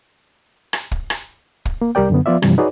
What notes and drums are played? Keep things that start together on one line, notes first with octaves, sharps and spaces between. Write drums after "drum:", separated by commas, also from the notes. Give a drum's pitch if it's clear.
drum: rim click
drum: kick
drum: rim click
drum: kick
A#3
C2 G3 G4 A#4 D5 G5
F#2 D3 B3
F3 B3 F4 D5 E5
G2 C3 E3 F3 G3, drum: rim click
D#4 F#4 G#4 B4 C#5 D5